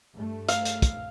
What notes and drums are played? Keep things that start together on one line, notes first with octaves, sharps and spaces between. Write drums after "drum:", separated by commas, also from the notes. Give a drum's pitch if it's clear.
G2 A3
F5, drum: hi-hat
drum: hi-hat
drum: kick, hi-hat